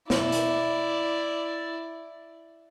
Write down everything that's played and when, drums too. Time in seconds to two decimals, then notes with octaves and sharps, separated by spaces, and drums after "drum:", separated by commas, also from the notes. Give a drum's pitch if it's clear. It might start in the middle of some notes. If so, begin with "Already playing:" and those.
0.10 E4 D5, drum: snare
0.32 drum: hi-hat